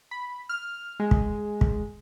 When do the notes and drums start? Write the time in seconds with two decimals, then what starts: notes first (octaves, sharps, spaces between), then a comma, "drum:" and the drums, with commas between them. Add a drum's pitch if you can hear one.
0.11 B5
0.49 F6
1.00 G#3
1.11 drum: kick
1.61 drum: kick